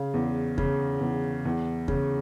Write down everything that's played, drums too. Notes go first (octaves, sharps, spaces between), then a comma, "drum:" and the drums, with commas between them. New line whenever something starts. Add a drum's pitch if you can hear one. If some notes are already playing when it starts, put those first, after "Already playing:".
Already playing: C#3 F5
E2
C#3, drum: kick E2
E2
E2
C#3, drum: kick E2